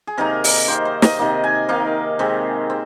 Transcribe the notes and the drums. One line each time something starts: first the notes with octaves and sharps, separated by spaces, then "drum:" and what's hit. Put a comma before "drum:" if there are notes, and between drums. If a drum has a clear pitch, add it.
G#4
C3 D#3 A#3 D#4 A#4
drum: open hi-hat
C3 D#3 A#3 D#4 C5
C5
D#5, drum: snare
C3 D#3 A#3 D#4
G#5
C3 D#3 A#3 D#4 F5
C3 D#3 G#3 C4
C4